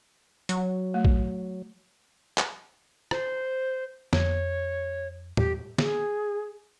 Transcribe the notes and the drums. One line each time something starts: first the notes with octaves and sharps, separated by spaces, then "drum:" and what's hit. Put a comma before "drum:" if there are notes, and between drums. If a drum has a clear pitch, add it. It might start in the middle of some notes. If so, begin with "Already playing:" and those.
F#3, drum: hi-hat
A3
drum: kick A#1
drum: clap
C5, drum: rim click
F2 C#5, drum: snare
E2 G4, drum: tom
G#4, drum: snare